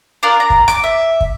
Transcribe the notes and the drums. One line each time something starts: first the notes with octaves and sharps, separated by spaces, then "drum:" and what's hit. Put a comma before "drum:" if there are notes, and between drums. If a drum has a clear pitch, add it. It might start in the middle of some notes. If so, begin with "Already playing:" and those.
D4 F4 A#4
A#5
drum: kick
D6, drum: rim click
E5
drum: kick